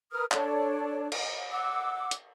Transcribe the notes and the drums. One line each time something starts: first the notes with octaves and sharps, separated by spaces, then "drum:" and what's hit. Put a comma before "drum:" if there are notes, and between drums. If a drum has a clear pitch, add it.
A#4 B4 D#6 F6
D4 A4 C#5 D5, drum: clap
drum: cymbal
F#5 D6 E6
drum: hi-hat